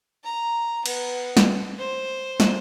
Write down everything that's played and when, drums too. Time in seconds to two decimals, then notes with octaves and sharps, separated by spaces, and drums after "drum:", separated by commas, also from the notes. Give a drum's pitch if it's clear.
0.24 A#5
0.86 B3, drum: cymbal
1.37 drum: snare
1.78 C5
2.40 drum: snare